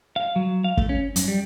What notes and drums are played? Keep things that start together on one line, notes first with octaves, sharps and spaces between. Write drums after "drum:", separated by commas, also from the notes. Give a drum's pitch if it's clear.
F5
F#3
F5
A3, drum: kick
C#4
F#2, drum: hi-hat
G3